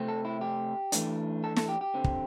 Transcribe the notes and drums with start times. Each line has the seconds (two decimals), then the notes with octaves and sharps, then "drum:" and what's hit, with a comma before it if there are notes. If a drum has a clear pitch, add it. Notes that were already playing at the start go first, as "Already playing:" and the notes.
Already playing: C3 A3 C4
0.08 A4
0.25 E4
0.41 G4
0.92 E3 A3 D4, drum: hi-hat
1.44 A4
1.56 A4, drum: snare
1.69 G4
1.81 G4
1.94 D3 C4
2.04 drum: kick